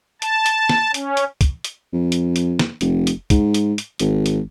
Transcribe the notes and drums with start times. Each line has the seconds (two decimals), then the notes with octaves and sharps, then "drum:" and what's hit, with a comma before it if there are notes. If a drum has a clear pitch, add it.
0.22 A5, drum: hi-hat
0.46 drum: hi-hat
0.69 drum: snare
0.94 C#4, drum: hi-hat
1.17 drum: hi-hat
1.41 drum: kick, hi-hat
1.64 drum: hi-hat
1.92 F2
2.12 drum: hi-hat
2.36 drum: hi-hat
2.59 drum: snare
2.81 F1, drum: hi-hat
3.07 drum: hi-hat
3.30 G#2, drum: kick, hi-hat
3.54 drum: hi-hat
3.78 drum: hi-hat
3.99 G#1, drum: hi-hat
4.26 drum: hi-hat